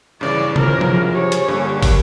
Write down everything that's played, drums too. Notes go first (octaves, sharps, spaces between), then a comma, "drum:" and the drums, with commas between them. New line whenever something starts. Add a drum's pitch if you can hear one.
G2 C#3 E3 D5
F#2 F4 A#4 C5, drum: tom C3
drum: tom F3
G4 G#4 C#5
drum: hi-hat
G2 D3 G3 A#3
drum: kick, open hi-hat